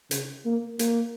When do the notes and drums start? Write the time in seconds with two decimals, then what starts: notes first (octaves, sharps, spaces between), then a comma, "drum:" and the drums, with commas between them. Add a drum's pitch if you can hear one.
0.11 C#3, drum: hi-hat
0.45 A#3
0.79 A#3, drum: hi-hat